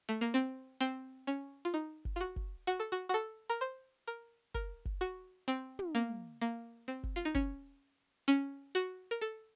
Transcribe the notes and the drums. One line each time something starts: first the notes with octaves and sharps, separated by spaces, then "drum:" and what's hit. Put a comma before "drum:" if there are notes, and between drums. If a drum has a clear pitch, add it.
A3
A#3
C4
C4
C#4
F4
D#4
drum: kick
F4
F#4
drum: kick
F#4
A4
F#4
F#4
A4
A#4
C5
A#4
A#4, drum: kick
drum: kick
F#4
C4
drum: tom
A#3
A#3
C4
drum: kick
F4
D#4
C#4, drum: kick
C#4
F#4
A#4
A4